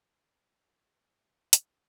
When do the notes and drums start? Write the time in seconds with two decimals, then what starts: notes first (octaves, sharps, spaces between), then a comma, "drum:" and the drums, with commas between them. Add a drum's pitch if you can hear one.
0.11 C#2
0.35 C#2
0.59 F#3
0.82 C#3
1.06 C#3
1.29 C#3
1.53 D#4, drum: hi-hat